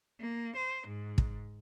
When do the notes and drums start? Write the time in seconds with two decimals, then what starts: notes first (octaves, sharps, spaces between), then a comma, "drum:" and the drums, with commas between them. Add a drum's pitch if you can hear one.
0.20 A#3
0.56 C5
0.87 G#2
1.18 drum: kick